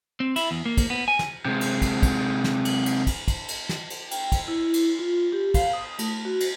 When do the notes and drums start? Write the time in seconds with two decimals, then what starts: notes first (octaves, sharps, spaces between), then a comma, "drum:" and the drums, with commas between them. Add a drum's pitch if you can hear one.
0.20 C4
0.36 E4, drum: cymbal
0.51 E2
0.66 A#3
0.77 drum: kick, cymbal
0.90 B3
1.08 G#5
1.19 drum: snare
1.45 C3 G#3
1.61 drum: cymbal
1.82 drum: kick, cymbal
2.03 drum: kick, cymbal
2.44 drum: snare
2.65 drum: cymbal
2.86 drum: cymbal
3.07 drum: kick, cymbal
3.28 drum: kick, cymbal
3.48 drum: cymbal
3.69 drum: snare
3.90 drum: cymbal
4.11 G5, drum: cymbal
4.32 drum: kick, cymbal
4.48 E4
4.74 drum: cymbal
4.99 F4
5.32 G4
5.54 F5, drum: kick, cymbal
5.73 D#6
5.99 A3, drum: cymbal
6.25 F#4
6.40 drum: cymbal